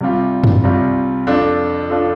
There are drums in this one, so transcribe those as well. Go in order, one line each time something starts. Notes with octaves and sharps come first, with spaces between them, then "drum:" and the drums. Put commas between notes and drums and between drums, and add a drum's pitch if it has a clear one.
C2 C3 G3 F4
drum: tom F#2
C2 C3 G3 F4
F2 F3 D4 F4 A4
F3 D4 F4 A4